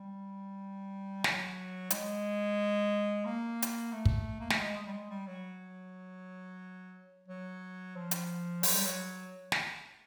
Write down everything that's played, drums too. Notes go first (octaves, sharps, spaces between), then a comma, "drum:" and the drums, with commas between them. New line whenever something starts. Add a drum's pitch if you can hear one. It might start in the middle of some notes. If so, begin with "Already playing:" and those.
Already playing: G3
F#3, drum: snare
G#3, drum: hi-hat
A#3
drum: hi-hat
A3
drum: kick
A#3
A3, drum: snare
G#3
G#3
G3
G#3
G3
F#3
F#3
F3
drum: hi-hat
F#3, drum: open hi-hat
G3
F#3
drum: snare